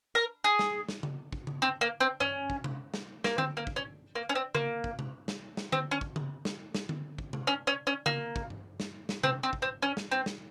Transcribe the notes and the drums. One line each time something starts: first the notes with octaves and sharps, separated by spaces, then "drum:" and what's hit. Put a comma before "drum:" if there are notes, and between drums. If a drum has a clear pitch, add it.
A#4
G#4
drum: snare
drum: snare
drum: tom C#3
drum: kick
drum: tom C#3
C4
A#3
C4
C#4, drum: tom G2
drum: kick
drum: tom C3
drum: snare
A#3, drum: snare
C4, drum: tom D3
A#3
drum: kick
C#4
A#3
C#4
C4
A#3, drum: tom C#3
drum: kick
drum: tom C3
drum: snare
drum: snare
C4, drum: tom D3
C#4
drum: kick
drum: tom C#3
drum: snare
drum: snare
drum: tom D3
drum: kick
drum: tom C3
C#4
C#4
C#4
A#3, drum: tom C#3
drum: kick
drum: tom G2
drum: snare
drum: snare
C4, drum: tom C3
C4
drum: kick
C4
C#4
drum: snare
C4
drum: snare